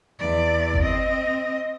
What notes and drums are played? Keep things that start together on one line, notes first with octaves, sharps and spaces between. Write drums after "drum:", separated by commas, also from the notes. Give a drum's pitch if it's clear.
E2 D5
drum: kick G1
C4 D#5